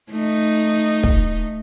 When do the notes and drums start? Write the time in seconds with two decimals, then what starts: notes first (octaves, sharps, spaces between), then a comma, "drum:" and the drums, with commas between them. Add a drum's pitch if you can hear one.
0.11 A3 D#4
1.03 drum: kick